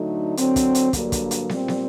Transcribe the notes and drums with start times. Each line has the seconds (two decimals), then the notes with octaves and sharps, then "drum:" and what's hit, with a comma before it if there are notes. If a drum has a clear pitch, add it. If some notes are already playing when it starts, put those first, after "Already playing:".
Already playing: D2 D3 F#3 A3 D#4
0.37 D3 F#3 C4, drum: hi-hat
0.56 drum: kick, hi-hat
0.75 drum: hi-hat
0.93 G2 D3 F#3 A#3, drum: kick, hi-hat
1.12 drum: kick, hi-hat
1.31 drum: hi-hat
1.49 A#2 G3 C4, drum: snare
1.68 drum: snare